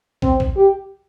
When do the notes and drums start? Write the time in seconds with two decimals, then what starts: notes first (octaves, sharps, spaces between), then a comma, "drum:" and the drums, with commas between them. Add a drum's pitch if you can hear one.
0.22 C4, drum: kick
0.40 drum: kick
0.56 G4